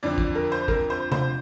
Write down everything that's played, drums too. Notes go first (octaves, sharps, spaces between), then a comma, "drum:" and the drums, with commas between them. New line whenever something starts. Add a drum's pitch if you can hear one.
F2 D3 F3 D5
drum: kick
A#4
C5
A#4, drum: kick
C5
C5, drum: tom C3